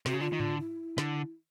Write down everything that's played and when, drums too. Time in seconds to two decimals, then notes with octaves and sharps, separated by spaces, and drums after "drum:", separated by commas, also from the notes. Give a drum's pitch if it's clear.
0.06 C3, drum: snare
0.08 C#3 F#4
0.20 D3 F4
0.33 D#3
0.40 D3, drum: tom G#2
0.59 E4
0.98 D3, drum: snare